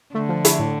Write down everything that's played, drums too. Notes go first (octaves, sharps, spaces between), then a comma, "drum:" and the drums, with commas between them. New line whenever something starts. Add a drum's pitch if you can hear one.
D3 A3
F3
E4, drum: hi-hat
A2